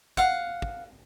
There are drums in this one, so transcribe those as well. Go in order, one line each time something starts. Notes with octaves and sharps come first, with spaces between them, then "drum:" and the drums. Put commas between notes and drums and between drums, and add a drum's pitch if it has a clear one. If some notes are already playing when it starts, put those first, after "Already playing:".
F5 F#5, drum: kick
drum: kick